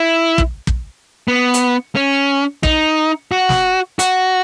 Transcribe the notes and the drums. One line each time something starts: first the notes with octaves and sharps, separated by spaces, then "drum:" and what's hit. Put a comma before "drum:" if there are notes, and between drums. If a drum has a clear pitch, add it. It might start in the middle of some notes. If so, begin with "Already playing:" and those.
Already playing: E4
drum: kick
drum: kick
B3
drum: hi-hat
C#4
D#4, drum: kick
F#4
drum: snare
F#4, drum: hi-hat